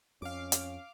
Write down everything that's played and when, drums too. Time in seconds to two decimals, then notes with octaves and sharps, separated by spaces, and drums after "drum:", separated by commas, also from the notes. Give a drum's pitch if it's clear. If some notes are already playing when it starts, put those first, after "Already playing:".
0.22 F2 C#4 F5 D6
0.52 drum: hi-hat